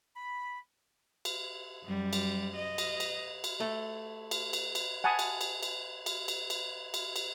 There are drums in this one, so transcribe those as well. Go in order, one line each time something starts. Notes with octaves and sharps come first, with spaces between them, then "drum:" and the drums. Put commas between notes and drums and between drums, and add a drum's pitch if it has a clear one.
B5
drum: cymbal
F#2 G3
drum: cymbal
D#5
drum: cymbal
drum: cymbal
drum: cymbal
A3
drum: cymbal
drum: cymbal
drum: cymbal
F#5 G#5 A5 B5 D#6
drum: cymbal
drum: cymbal
drum: cymbal
drum: cymbal
drum: cymbal
drum: cymbal
drum: cymbal
drum: cymbal